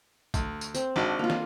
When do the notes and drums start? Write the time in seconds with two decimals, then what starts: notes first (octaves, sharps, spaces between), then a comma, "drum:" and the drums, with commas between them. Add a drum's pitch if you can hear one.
0.34 D2, drum: kick, tambourine
0.61 drum: tambourine
0.75 C4, drum: tambourine
0.96 G#1 D4 F#4 A5
1.19 A#3 F4
1.30 drum: snare